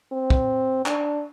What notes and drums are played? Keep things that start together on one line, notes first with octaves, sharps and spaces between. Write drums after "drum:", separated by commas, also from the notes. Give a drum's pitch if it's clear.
C4
drum: kick
D4, drum: clap